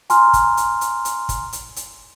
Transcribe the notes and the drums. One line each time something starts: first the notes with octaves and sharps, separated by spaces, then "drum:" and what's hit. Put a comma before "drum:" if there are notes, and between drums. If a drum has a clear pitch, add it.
G#5 A#5 C6 F6, drum: hi-hat
drum: kick, hi-hat
drum: hi-hat
drum: hi-hat
drum: hi-hat
drum: kick, hi-hat
drum: hi-hat
drum: hi-hat